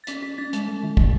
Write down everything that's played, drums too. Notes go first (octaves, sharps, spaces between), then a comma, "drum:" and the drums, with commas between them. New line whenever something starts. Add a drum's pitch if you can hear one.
A6
C#4 B6, drum: hi-hat
C#4 B6
C#4 A6
G#3, drum: hi-hat
G#3
D#3
D#3, drum: kick